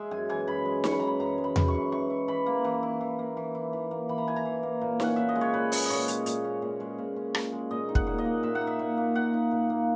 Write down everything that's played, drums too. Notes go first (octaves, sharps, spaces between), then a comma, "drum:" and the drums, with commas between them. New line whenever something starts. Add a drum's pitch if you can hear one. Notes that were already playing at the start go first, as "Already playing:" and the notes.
Already playing: G#3 E5
F#2 G#5
E3 G#5
F#2 B5
G#3
F#2 C#6, drum: snare D#4
B5
E3 A#5
B5
F#2 A#5
G#3
B5
F#2, drum: tom E2
C#6
E3
E3 C#6
E4
E3 B5
A#3
E3
E4
E3
A#3
E3
E4
E3
A#3
E3 B5
A#5
E4 G#5
A#5
E3
A#3
A#2
C#4 F#5, drum: snare D#4
A#2 E5
D#5
G#3
C#5
A#2 B4
C#4, drum: open hi-hat
A#2 C#5 D#5
G#3, drum: hi-hat
A#2, drum: hi-hat
C#4
A#2
G#3
A#2
C#4
A#2, drum: rim click
G#3
A#2 D#5
D#4
F#5, drum: kick
A#2
D#5
A#3
A#2 E5
F#5
D#4
E5
A#2
A#3
A#2 F#5
D#4
A#2
A#3